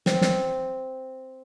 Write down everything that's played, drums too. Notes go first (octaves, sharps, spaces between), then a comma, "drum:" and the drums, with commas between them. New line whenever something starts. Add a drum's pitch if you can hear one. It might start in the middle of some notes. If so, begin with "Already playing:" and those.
C4, drum: snare
drum: snare